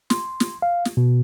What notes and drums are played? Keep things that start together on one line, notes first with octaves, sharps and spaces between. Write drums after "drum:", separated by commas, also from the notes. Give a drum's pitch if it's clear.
C6, drum: snare
drum: snare
F5
drum: snare
B2